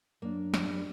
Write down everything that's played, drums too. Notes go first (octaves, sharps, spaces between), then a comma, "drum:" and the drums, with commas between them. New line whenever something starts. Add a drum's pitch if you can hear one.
F#2 A#3 D4
drum: snare
G3